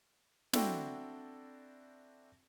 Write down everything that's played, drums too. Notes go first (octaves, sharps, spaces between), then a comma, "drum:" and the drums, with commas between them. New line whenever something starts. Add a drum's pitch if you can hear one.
C4 D4 E4 F#4 A4 G5, drum: snare